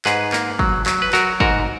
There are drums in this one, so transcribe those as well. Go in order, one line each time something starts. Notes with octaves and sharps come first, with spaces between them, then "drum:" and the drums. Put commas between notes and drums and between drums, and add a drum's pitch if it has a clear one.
G#2 G#4 B4, drum: clap
A#3, drum: clap
F#3, drum: kick
F#3, drum: clap
B4
F#3 F#4 A#4, drum: clap
G#2 F#4 A#4, drum: kick